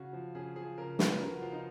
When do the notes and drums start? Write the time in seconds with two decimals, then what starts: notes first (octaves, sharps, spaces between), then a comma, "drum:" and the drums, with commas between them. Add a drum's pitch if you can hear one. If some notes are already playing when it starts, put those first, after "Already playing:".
Already playing: C#3 F#4
0.13 F3
0.35 C#3 G#4
0.56 F3 G#4
0.77 C#3 A#4
0.99 F3 B4, drum: snare
1.21 C#3 A#4
1.31 F#4
1.42 F3 F4
1.53 D#4